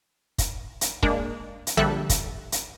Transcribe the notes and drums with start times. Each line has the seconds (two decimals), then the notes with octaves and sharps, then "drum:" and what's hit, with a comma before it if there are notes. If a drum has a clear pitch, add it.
0.38 drum: kick, hi-hat
0.81 drum: hi-hat
1.03 G#3 A#3 D4, drum: kick
1.67 drum: hi-hat
1.77 A#1 D3 G3 A4 E5 F#6
2.09 drum: kick, hi-hat
2.52 drum: hi-hat